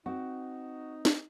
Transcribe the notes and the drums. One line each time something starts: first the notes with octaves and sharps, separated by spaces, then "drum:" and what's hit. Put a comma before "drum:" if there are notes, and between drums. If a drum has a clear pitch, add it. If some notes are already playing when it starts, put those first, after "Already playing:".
C4 D#4 F#4
drum: snare